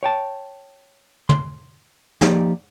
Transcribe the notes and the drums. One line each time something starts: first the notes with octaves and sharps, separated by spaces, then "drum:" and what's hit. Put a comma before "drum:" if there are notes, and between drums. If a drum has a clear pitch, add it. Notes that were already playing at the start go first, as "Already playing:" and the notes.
C#5 G5 A5
C6, drum: tom
F3 A#3 D#4 G4 D5, drum: snare